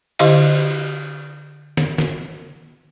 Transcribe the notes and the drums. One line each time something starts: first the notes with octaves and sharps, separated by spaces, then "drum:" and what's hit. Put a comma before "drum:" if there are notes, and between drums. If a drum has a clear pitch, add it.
D3 E4 G4 D#5 F5, drum: cymbal
drum: snare
drum: snare